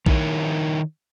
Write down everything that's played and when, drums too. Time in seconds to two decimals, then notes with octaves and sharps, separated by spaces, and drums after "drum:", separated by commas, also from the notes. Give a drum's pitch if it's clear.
0.06 D#3 D#4 E4 A#4 C#5, drum: kick A#1